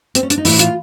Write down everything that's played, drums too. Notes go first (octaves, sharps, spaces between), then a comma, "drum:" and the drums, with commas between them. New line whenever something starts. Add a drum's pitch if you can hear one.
C4, drum: hi-hat
C#4
D4, drum: hi-hat
D#4
A2 E3 E4, drum: open hi-hat
F4, drum: hi-hat